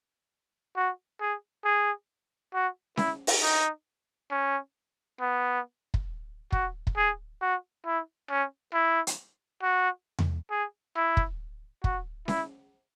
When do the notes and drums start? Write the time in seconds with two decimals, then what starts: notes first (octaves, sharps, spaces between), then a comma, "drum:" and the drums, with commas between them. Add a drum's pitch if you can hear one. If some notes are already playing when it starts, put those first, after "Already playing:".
0.76 F#4
1.21 G#4
1.65 G#4
2.54 F#4
2.97 E4, drum: snare C#4
3.27 drum: open hi-hat
3.43 D#4
4.31 C#4
5.20 B3
5.94 drum: kick
6.52 F#4, drum: kick
6.87 drum: kick
6.97 G#4
7.41 F#4
7.86 E4
8.30 C#4
8.74 E4
9.07 drum: hi-hat
9.63 F#4
10.19 drum: tom E2
10.51 G#4
10.96 E4
11.17 drum: kick
11.84 F#4, drum: kick
12.28 E4, drum: snare C#4